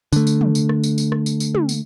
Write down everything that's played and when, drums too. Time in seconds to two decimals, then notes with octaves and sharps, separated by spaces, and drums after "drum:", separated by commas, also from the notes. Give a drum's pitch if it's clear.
0.13 D3 A3, drum: tambourine
0.27 drum: tambourine
0.41 drum: tom
0.55 drum: tambourine
0.69 drum: rim click
0.84 drum: tambourine
0.98 drum: tambourine
1.12 drum: rim click
1.26 drum: tambourine
1.40 drum: tambourine
1.55 drum: tom
1.69 drum: tambourine